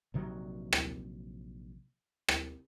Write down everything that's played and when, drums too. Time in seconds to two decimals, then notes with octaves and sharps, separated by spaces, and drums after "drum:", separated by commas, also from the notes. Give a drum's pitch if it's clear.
0.14 A#1 C3 D#3 F#3
0.73 drum: rim click
2.28 drum: rim click